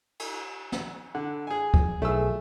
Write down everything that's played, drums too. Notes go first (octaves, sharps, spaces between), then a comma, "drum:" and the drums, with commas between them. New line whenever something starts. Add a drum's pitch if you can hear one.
drum: cymbal
drum: snare
D3 F#5
G#4 G#5
drum: kick D2
B1 A3 G#4 E6